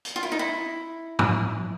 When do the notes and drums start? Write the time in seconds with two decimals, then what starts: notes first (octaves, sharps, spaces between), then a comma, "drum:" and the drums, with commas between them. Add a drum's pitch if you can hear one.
0.05 drum: hi-hat
0.16 F4
0.23 E4
0.32 D#4
0.39 E4
1.19 drum: tom